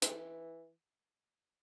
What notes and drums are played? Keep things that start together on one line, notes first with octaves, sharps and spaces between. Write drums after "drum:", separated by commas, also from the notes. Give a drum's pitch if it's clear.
E3, drum: hi-hat